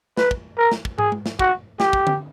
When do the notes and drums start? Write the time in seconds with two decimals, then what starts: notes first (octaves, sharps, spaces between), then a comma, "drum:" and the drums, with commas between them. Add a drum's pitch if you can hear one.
0.17 B4, drum: snare
0.31 drum: kick
0.58 A#4
0.72 drum: snare
0.85 drum: kick
0.98 G#4, drum: tom
1.12 drum: tom G#3
1.26 drum: snare
1.39 F#4, drum: kick
1.80 G4, drum: snare
1.93 drum: kick
2.07 drum: tom D3